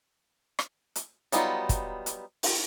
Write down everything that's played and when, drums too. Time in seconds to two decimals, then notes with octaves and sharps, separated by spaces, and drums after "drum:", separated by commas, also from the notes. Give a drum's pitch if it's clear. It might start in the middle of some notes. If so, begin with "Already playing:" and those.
0.59 drum: rim click
0.96 drum: hi-hat
1.32 F#3 G3 B3 D#4 F4, drum: hi-hat
1.69 drum: kick, hi-hat
2.06 drum: hi-hat
2.43 drum: open hi-hat